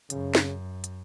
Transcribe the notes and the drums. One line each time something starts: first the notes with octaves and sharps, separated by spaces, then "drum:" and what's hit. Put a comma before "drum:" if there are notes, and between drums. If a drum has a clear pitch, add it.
F#2 C#3, drum: hi-hat
drum: snare
drum: hi-hat